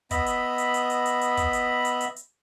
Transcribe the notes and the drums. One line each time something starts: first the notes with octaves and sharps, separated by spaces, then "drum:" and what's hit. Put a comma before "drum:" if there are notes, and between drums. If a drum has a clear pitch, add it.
B3 D#5 E5 B5, drum: kick, hi-hat
drum: hi-hat
drum: hi-hat
drum: hi-hat
drum: hi-hat
drum: hi-hat
drum: hi-hat
drum: kick, hi-hat
drum: hi-hat
drum: hi-hat
drum: hi-hat
drum: hi-hat